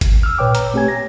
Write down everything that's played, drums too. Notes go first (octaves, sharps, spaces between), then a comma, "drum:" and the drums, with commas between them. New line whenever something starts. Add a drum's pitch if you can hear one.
drum: kick G#1, hi-hat
E6 F6
A#2 B4 C#5 G5 D6
A#5, drum: hi-hat
A3 C4 G4 C#5 G#5 G#6
A#6